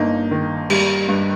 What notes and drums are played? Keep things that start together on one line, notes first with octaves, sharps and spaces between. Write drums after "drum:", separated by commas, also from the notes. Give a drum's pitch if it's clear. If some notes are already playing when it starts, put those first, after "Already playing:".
Already playing: G1 A#3 D#4
D#3
G3, drum: cymbal
G2